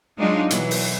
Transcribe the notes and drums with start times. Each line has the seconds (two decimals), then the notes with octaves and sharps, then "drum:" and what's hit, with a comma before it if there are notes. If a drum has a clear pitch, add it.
0.18 F#3 G#3 D4 D#4 F4
0.50 B2 E3 F#3, drum: hi-hat
0.71 drum: open hi-hat